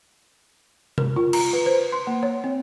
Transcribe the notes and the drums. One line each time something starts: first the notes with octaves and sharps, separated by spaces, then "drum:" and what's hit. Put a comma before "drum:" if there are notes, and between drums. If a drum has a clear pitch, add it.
A#4, drum: tom C3
F4
A#5, drum: cymbal
B4
C5
C6
A#3
C#5
C4